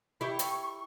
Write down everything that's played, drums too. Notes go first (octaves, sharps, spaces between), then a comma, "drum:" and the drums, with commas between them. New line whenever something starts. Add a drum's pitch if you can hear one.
E4 G4 C#6
drum: hi-hat